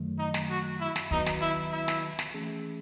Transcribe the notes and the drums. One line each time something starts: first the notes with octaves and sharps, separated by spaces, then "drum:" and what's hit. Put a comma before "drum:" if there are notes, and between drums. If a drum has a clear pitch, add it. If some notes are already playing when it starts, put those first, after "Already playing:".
Already playing: F#2 D#3 F#3 A3
D#4
drum: snare
F#4
E4
drum: snare
D#3 F#3 B3 D#4 F#4 B4, drum: kick
drum: snare
E4
E4
drum: snare
drum: snare
E3 A3 C#4 G#4